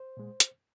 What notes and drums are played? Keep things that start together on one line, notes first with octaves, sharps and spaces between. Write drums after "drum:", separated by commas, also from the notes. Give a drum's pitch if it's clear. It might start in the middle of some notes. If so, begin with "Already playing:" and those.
Already playing: C5
A#2 G#3
drum: hi-hat